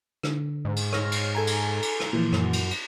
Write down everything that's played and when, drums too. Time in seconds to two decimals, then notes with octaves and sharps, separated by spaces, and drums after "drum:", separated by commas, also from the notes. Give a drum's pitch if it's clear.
0.23 D3, drum: rim click
0.65 G#2
0.76 drum: cymbal
0.93 C#5 F6 A#6, drum: rim click
1.12 drum: cymbal
1.35 A4 G#5 A#5
1.47 drum: cymbal
1.82 drum: cymbal
2.00 drum: rim click
2.13 A#2 E3 F3
2.33 F#2, drum: rim click
2.53 drum: cymbal
2.71 drum: cymbal